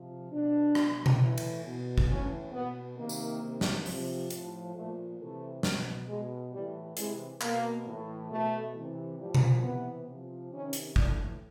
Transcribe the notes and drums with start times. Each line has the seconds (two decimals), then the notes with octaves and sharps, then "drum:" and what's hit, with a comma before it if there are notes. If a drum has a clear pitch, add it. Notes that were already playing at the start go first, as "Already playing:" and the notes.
Already playing: C3 F3
0.31 B2 D4
0.75 B2, drum: rim click
1.06 drum: tom B2
1.20 A2 E3
1.38 drum: cymbal
1.64 B2
1.98 drum: kick
2.09 A2 E3 C#4
2.53 B2 B3
2.97 C3 D#3 A#3
3.09 drum: tambourine
3.42 C3 D#3
3.61 drum: snare
3.86 C3 F3, drum: open hi-hat
4.30 A2 F3, drum: hi-hat
4.75 A#2 F3 A3
5.19 C3 E3 A3
5.63 B2, drum: snare
6.08 B2 G#3
6.52 A2 E3 G3
6.97 C3 E3 G#3, drum: hi-hat
7.41 B2 A#3, drum: clap
7.86 A2 E3
8.30 B2 A3
8.74 C3 E3
9.19 A2 F3 G3
9.35 drum: tom B2
9.63 C3 E3 B3
10.07 C3 F3
10.52 C3 D#3 C#4
10.73 drum: hi-hat
10.96 A2 E3 D4, drum: kick